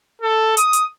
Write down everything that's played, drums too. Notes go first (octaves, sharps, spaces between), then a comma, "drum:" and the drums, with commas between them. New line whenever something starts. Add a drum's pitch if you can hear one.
A4
D#6, drum: hi-hat
drum: hi-hat